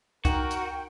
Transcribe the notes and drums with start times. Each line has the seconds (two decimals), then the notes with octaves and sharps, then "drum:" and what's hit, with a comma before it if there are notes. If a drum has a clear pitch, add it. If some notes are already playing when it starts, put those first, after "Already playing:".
0.25 D#4 F#4 A#4 G5, drum: kick C2, hi-hat
0.51 drum: hi-hat